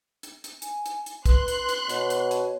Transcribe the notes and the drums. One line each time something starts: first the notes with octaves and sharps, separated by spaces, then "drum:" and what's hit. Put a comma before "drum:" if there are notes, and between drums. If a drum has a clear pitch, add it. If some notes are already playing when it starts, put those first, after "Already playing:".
drum: hi-hat
drum: hi-hat
G#5, drum: hi-hat
drum: hi-hat
drum: hi-hat
B4 C6 F#6, drum: kick, hi-hat
drum: hi-hat
drum: hi-hat
B2 C#5, drum: hi-hat
drum: hi-hat
drum: hi-hat